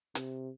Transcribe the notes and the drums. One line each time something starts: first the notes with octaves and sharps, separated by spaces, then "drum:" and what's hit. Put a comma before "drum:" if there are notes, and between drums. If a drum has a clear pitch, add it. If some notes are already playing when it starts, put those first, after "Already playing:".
C3, drum: hi-hat